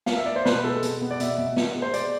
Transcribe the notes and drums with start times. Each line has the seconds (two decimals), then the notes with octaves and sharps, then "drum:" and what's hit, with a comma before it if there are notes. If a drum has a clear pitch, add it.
0.06 F5, drum: snare
0.17 E5
0.26 D5
0.36 C5
0.45 B2 B4, drum: snare
0.64 G#3 A4
0.83 B2, drum: hi-hat
1.01 B3
1.11 D5
1.20 B2 E5, drum: hi-hat
1.38 B2
1.56 B2, drum: snare
1.75 G#3
1.82 C5
1.93 G#3 D5, drum: hi-hat